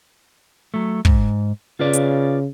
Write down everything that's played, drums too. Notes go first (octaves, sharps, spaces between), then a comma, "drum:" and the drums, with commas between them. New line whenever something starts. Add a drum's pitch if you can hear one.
F#3 A3
G#2, drum: kick
C#3 F4 B4 D5
drum: hi-hat